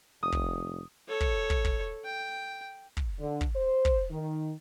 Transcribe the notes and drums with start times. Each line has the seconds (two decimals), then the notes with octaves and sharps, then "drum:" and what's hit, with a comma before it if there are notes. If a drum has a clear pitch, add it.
0.23 F1 D#6
0.33 drum: kick
1.08 A4 C#5
1.21 drum: kick
1.50 drum: kick
1.65 drum: kick
2.05 G5
2.97 drum: kick
3.20 D3
3.41 drum: kick
3.56 C5
3.85 drum: kick
4.11 D#3